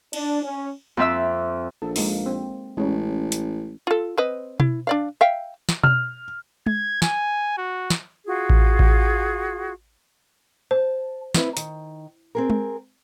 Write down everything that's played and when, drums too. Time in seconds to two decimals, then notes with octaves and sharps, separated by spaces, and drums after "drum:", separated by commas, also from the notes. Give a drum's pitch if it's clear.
0.13 D4, drum: cymbal
0.43 C#4
0.97 F2 C4 E5 E6
1.82 A#1 A4
1.96 G#3 A#3 D#4, drum: open hi-hat
2.26 C4
2.77 A1 G#3 C#4
3.32 drum: hi-hat
3.87 F4 A4
4.18 C4 B4 D#5
4.60 E4, drum: tom B2
4.87 D4 D5 F5
5.21 E5 F5 G5
5.69 drum: snare
5.84 F6, drum: tom B2
6.66 G#6, drum: tom G#3
7.02 G#5, drum: snare
7.58 F#4
7.90 drum: snare
8.25 F4 F#4 G#4
8.50 drum: kick A1
8.79 drum: kick A1
10.71 C5 A5
11.35 C4 E4 B4, drum: snare
11.57 D#3, drum: hi-hat
12.35 C4 G#4 A#4
12.50 drum: tom G#3